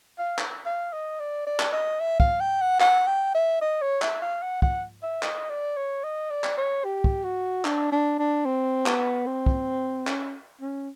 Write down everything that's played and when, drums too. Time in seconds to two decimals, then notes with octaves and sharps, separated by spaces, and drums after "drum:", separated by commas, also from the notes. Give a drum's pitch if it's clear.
0.19 F5
0.39 drum: clap
0.66 F5
0.93 D#5
1.20 D5
1.47 D5
1.60 drum: clap
1.73 D#5
2.00 E5
2.20 F5, drum: kick
2.40 G5
2.61 F#5
2.80 F#5, drum: clap
3.07 G5
3.35 E5
3.61 D#5
3.82 C#5
4.02 E5, drum: clap
4.22 F5
4.42 F#5
4.62 F#5, drum: kick
5.03 E5
5.23 D#5, drum: clap
5.50 D5
5.77 C#5
6.04 D#5
6.30 D5
6.44 drum: clap
6.57 C#5
6.84 G4
7.04 drum: kick
7.24 F#4
7.65 D4, drum: clap
7.92 D4
8.19 D4
8.45 C4
8.86 B3, drum: clap
9.26 C4
9.46 drum: kick
10.07 C#4, drum: clap
10.61 C#4